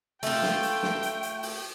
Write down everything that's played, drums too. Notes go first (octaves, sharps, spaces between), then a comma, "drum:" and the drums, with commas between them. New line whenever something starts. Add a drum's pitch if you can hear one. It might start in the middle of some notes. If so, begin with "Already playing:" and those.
A3 F4 G5, drum: open hi-hat
drum: snare
drum: hi-hat
drum: snare
drum: hi-hat
drum: hi-hat
drum: open hi-hat